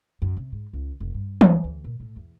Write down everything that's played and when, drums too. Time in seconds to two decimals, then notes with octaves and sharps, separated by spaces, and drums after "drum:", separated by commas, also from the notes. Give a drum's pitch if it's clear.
0.22 F#2
0.37 C3
0.52 G#2
0.73 C#2
1.00 F1
1.14 G2
1.41 D#2, drum: tom E3
1.64 D2
1.84 A#2
2.00 A2
2.16 E2